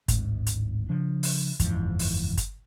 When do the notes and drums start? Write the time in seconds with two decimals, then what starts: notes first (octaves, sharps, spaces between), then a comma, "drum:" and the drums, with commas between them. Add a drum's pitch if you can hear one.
0.08 D1 G#1 G#2, drum: kick, hi-hat
0.47 drum: hi-hat
0.89 C#3 F3 D4
1.23 drum: open hi-hat
1.60 F#1 E2 G#2 F3, drum: kick, hi-hat
1.99 drum: open hi-hat
2.37 drum: kick, hi-hat